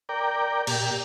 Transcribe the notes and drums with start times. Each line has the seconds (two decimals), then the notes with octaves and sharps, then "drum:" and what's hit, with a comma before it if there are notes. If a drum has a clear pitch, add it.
0.09 A#4 D5 G5
0.67 A#2 G4, drum: cymbal